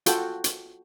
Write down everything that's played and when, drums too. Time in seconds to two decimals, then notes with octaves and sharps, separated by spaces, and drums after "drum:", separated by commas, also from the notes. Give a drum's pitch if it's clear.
0.06 F4 F#4 A4 G5, drum: hi-hat
0.44 drum: hi-hat